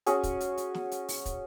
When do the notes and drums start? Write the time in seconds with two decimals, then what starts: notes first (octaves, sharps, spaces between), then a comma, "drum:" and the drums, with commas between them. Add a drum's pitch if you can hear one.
0.06 C#4 F#4 G#4, drum: hi-hat
0.23 drum: kick, hi-hat
0.40 drum: hi-hat
0.57 drum: hi-hat
0.74 drum: snare
0.91 drum: hi-hat
1.09 drum: open hi-hat
1.26 drum: kick, hi-hat